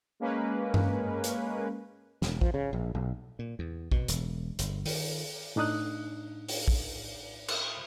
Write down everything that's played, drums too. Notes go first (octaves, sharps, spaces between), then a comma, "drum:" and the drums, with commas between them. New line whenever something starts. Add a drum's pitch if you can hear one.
G#3 A#3 C#4 A#4 B4
drum: tom G2
drum: hi-hat
E1, drum: snare
F3, drum: kick
C#3
A#1
B1
A#2
E2
B2, drum: kick
E1, drum: hi-hat
G1, drum: hi-hat
D#3, drum: open hi-hat
A2 D4 D#4 D#6 F#6
drum: open hi-hat
drum: kick
drum: cymbal